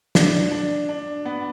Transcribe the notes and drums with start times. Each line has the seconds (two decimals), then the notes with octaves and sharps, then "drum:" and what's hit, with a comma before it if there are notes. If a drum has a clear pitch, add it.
0.15 D4, drum: snare
0.51 D4
0.89 D4
1.25 B3